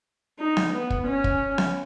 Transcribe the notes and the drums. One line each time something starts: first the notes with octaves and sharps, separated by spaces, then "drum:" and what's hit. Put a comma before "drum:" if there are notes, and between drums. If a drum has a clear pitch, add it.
D#4
drum: snare B3
B3
drum: kick
C#4
drum: kick
drum: snare B3